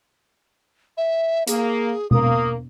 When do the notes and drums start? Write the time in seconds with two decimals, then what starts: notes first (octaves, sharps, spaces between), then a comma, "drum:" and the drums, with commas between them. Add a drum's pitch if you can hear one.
0.97 E5
1.48 A#3 G#4, drum: hi-hat
2.11 A#3 A#4 D#6, drum: tom B2